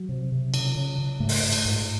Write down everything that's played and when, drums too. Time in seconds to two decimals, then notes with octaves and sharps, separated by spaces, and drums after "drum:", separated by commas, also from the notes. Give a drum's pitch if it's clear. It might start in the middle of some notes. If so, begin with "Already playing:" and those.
Already playing: F#3
0.09 C3
0.32 C3
0.54 C#3, drum: cymbal
0.75 C#3
0.98 C#3
1.20 G#2 A3
1.29 drum: open hi-hat
1.43 G#2
1.53 drum: cymbal
1.65 G#2